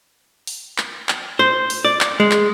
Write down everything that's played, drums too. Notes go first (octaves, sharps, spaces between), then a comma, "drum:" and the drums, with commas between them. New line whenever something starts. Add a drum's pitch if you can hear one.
drum: open hi-hat
drum: clap
drum: clap
C5
drum: open hi-hat
D5
drum: clap
G#3
drum: clap